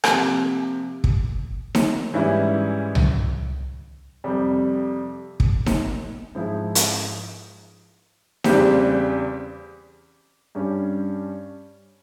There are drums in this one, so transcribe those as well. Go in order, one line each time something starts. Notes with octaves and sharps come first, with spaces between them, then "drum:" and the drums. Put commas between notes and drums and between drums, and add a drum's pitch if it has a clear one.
C3 F3 A#3, drum: rim click
drum: kick
drum: snare D#4
G#2 E3 G3 C#4 E4
drum: tom C2
F2 C3 G3
drum: kick
drum: snare D#4
G#2 F3 G#3 E4
drum: hi-hat
E2 C#3 G3 C4 G4, drum: snare D#4
G2 G3 C#4